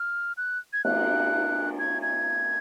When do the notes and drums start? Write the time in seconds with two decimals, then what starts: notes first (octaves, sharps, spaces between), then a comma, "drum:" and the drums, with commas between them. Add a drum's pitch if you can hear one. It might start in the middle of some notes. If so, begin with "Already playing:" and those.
Already playing: F6
0.37 F#6
0.73 G#6
0.84 F#6, drum: cymbal
1.79 G#6
2.02 G#6